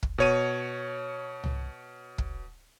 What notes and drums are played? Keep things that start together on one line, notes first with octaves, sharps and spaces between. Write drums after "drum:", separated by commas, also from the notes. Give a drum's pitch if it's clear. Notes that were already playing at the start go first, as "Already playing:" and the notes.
drum: kick
B2 C#5 D#7
drum: tom C2
drum: kick